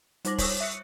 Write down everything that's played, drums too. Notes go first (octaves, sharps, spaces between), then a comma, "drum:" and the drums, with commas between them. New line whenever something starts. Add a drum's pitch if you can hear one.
G3 D#4 C5 D6 A#6 F#7, drum: hi-hat
C5 C#5 C#6 D#6 E6, drum: kick, open hi-hat
E5 F#6 C#7